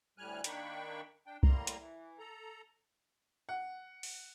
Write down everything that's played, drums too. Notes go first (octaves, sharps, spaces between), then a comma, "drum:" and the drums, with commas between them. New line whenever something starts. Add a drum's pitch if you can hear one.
D2 A2 G3 G#5 F6 F#6
D#3 A#3 D4 G5 B5 C#6, drum: hi-hat
D4 G5
A2 G3 A#3 A#5 C6, drum: kick C2
drum: hi-hat
E3
A4 A#5
F#5
drum: open hi-hat